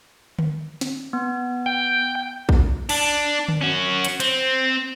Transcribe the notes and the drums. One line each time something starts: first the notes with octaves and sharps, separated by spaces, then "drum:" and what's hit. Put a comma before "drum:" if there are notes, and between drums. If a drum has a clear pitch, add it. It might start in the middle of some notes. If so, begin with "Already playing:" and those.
drum: tom D3
drum: snare
B3
G5
drum: kick A#1
D4, drum: cymbal
drum: tom D3
C#4 F#4
drum: hi-hat
C4, drum: hi-hat